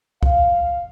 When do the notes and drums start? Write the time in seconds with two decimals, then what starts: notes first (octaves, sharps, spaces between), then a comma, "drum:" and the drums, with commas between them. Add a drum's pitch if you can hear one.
0.23 F5, drum: kick